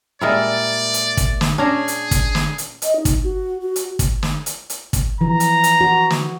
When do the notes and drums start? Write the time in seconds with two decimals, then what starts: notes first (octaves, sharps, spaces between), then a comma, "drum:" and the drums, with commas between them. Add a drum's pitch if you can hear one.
0.21 A#2 G3 G#3 E4 A#4 D5
0.94 drum: hi-hat
1.17 drum: kick, hi-hat
1.41 drum: snare
1.58 C#4 D4 G#4 A#5
1.88 drum: hi-hat
2.11 drum: kick, hi-hat
2.35 drum: snare
2.58 drum: hi-hat
2.82 D#5, drum: hi-hat
2.96 D#4
3.05 drum: kick, hi-hat
3.24 F#4
3.61 F#4
3.76 drum: hi-hat
3.99 drum: kick, hi-hat
4.23 drum: snare
4.46 drum: hi-hat
4.70 drum: hi-hat
4.93 drum: kick, hi-hat
5.21 E3 F3 A#5
5.40 drum: hi-hat
5.64 drum: hi-hat
5.81 F#4
6.10 drum: snare